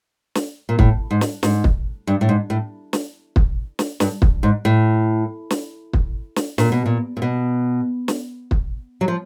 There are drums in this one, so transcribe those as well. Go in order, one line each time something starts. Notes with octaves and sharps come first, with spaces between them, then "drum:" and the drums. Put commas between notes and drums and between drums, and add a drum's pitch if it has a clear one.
drum: snare
A#2
A2, drum: kick
G#2
drum: snare
G#2, drum: snare
drum: kick
G2
A2
G#2
A2
drum: snare
drum: kick
drum: snare
G2, drum: snare
drum: kick
G#2
A2
drum: snare
drum: kick
drum: snare
A#2, drum: snare
B2
A#2
A#2
B2
drum: snare
drum: kick
F#3
F3